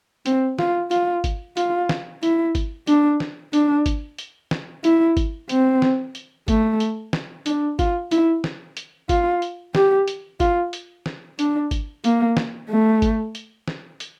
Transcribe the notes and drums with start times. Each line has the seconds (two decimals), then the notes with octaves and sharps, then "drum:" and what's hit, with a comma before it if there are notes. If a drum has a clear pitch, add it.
0.26 C4, drum: hi-hat
0.59 F4, drum: snare
0.91 F4, drum: hi-hat
1.24 drum: kick G#1, hi-hat
1.57 F4, drum: hi-hat
1.89 drum: snare
2.23 E4, drum: hi-hat
2.55 drum: kick G#1, hi-hat
2.87 D4, drum: hi-hat
3.20 drum: snare
3.53 D4, drum: hi-hat
3.86 drum: kick G#1, hi-hat
4.18 drum: hi-hat
4.51 drum: snare
4.84 E4, drum: hi-hat
5.17 drum: kick G#1, hi-hat
5.49 C4, drum: hi-hat
5.82 drum: snare
6.15 drum: hi-hat
6.48 A3, drum: kick G#1, hi-hat
6.80 drum: hi-hat
7.13 drum: snare
7.46 D4, drum: hi-hat
7.79 F4, drum: kick G#1, hi-hat
8.11 E4, drum: hi-hat
8.44 drum: snare
8.77 drum: hi-hat
9.09 F4, drum: kick G#1, hi-hat
9.42 drum: hi-hat
9.75 G4, drum: snare
10.08 drum: hi-hat
10.40 F4, drum: kick G#1, hi-hat
10.73 drum: hi-hat
11.06 drum: snare
11.39 D4, drum: hi-hat
11.71 drum: kick G#1, hi-hat
12.04 A#3, drum: hi-hat
12.37 drum: snare
12.69 A3
13.02 drum: kick G#1, hi-hat
13.35 drum: hi-hat
13.68 drum: snare
14.00 drum: hi-hat